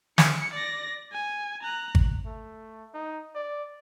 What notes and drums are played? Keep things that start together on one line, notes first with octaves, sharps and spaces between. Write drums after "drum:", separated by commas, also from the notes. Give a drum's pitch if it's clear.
C#7, drum: snare
D5 A#6
G#5
A#5 F#6
drum: kick G#1
A3
D#4
D5